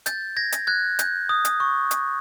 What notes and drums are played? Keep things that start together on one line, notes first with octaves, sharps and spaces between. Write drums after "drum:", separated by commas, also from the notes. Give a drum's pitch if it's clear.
G6 A6, drum: hi-hat
G#6 A#6
drum: hi-hat
F#6 G#6
G6, drum: hi-hat
D#6
drum: hi-hat
C#6
drum: hi-hat